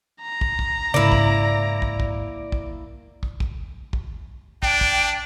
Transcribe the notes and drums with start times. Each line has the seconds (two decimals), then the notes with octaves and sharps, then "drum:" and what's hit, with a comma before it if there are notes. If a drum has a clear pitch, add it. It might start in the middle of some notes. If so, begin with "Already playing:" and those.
0.21 A#5
0.41 drum: kick
0.59 drum: kick
0.94 G#2 C#3 A#3 E4 D5
1.12 drum: kick
1.82 drum: kick
2.00 drum: kick
2.52 drum: kick
3.23 drum: kick
3.40 drum: kick
3.93 drum: kick
4.63 D4 G5, drum: kick
4.81 drum: kick